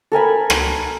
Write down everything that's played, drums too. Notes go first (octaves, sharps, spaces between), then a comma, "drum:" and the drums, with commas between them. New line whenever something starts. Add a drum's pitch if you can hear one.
A4 A#4 G#5 B5
drum: rim click